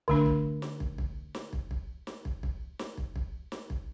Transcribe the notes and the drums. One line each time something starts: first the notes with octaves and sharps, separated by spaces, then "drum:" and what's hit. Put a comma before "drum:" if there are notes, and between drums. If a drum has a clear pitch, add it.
D3 A3 D4, drum: kick
drum: kick
drum: snare
drum: kick
drum: kick
drum: snare
drum: kick
drum: kick
drum: snare
drum: kick
drum: kick
drum: snare
drum: kick
drum: kick
drum: snare
drum: kick